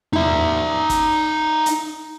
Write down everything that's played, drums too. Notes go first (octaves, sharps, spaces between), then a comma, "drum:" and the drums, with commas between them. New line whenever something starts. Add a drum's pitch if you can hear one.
D#4 E5, drum: tom E2
drum: kick, hi-hat
drum: hi-hat